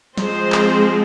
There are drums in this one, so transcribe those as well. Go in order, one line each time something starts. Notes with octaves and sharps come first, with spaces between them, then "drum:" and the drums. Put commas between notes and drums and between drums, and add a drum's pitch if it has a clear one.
F3 G#3 C4 C5, drum: snare
drum: clap